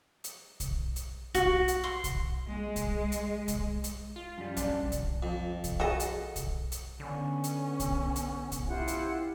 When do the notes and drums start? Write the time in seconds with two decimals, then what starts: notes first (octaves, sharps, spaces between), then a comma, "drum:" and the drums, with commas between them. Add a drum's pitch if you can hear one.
0.24 drum: hi-hat
0.60 drum: kick, hi-hat
0.96 drum: hi-hat
1.34 F#4, drum: kick, hi-hat
1.68 drum: hi-hat
1.84 C6
2.04 drum: kick, hi-hat
2.48 G#3
2.76 drum: kick, hi-hat
3.12 drum: hi-hat
3.48 drum: kick, hi-hat
3.84 drum: hi-hat
4.16 F4
4.38 F#2 G3
4.57 A#1 D4, drum: hi-hat
4.92 drum: kick, hi-hat
5.23 F2
5.64 drum: kick, hi-hat
5.80 F#4 G#4 A4 D#5
6.00 drum: hi-hat
6.36 drum: kick, hi-hat
6.72 drum: hi-hat
7.00 D3 B3 C#4
7.44 drum: hi-hat
7.80 drum: kick, hi-hat
8.16 drum: hi-hat
8.52 drum: kick, hi-hat
8.68 E4 F4 G4 C5 F#5
8.88 drum: hi-hat